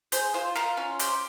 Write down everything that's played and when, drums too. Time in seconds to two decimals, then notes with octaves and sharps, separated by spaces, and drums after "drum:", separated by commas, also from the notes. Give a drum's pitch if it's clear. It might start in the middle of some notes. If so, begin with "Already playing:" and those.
0.12 G#4 C5, drum: hi-hat
0.34 F4 C5
0.55 F4 A#4, drum: snare
0.77 C#4
0.99 G4 C5, drum: hi-hat